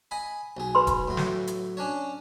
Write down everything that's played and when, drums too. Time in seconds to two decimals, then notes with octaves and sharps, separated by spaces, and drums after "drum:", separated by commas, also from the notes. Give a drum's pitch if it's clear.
0.11 D#5 G#5 B5
0.57 B1 G#4
0.75 B4 B5 C6
0.87 drum: kick D#1, hi-hat
1.08 A2 F#3
1.17 drum: snare
1.47 drum: hi-hat
1.77 C#4 D4 C#5